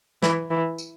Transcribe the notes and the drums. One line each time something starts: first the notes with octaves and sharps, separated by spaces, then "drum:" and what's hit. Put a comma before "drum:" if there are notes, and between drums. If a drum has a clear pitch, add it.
E3, drum: snare
E3
drum: tambourine